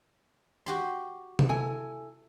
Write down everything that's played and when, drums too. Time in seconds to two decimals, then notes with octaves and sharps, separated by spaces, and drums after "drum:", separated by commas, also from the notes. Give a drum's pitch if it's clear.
0.66 F#4 G4 C6
1.39 drum: tom C3
1.49 E4 A4 G#5